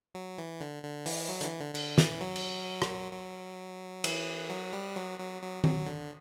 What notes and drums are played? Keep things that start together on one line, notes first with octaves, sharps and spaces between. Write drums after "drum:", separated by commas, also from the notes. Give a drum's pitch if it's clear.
F#3
E3
D3
D3
E3, drum: open hi-hat
F#3
D3, drum: hi-hat
E3
D3
D3, drum: cymbal
E3, drum: snare
F#3
drum: cymbal
drum: rim click
F#3
E3, drum: cymbal
F#3
G3
F#3
F#3
F#3
F#3, drum: tom D#3
D3